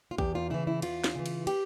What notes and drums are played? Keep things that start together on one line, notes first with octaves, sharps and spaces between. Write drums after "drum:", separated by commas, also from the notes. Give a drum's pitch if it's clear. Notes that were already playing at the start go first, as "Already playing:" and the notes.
F4
E2 G4, drum: kick A#1
F4
C#3 E3 E4
E4
E2 F4, drum: cymbal
drum: snare
C#3 E3
drum: cymbal
G4, drum: cymbal